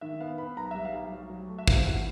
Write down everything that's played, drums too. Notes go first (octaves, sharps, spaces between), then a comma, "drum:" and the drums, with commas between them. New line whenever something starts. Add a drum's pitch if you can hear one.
D#3 E5
B3 F5
B3 B5
B1 A#5
G3 E5
F5
B1
F#3
F#3
A3
E5
C3 F5, drum: kick
E3 F#5